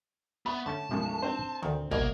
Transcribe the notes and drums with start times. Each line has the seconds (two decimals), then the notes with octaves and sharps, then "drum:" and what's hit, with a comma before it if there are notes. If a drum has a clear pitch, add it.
0.46 B3 E5 B5 C#6
0.66 D3 A3 C#4 A5
0.91 B1 F#2 F3 G3 G#3 C#6
1.22 C4 D4 C5
1.63 D2 D#3, drum: tom D3
1.91 C2 B2 A#3 D#5, drum: kick